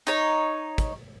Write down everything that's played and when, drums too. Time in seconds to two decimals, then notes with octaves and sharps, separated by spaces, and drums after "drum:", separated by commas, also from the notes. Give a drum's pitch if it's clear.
0.07 D#4 C#5, drum: hi-hat
0.78 drum: kick, hi-hat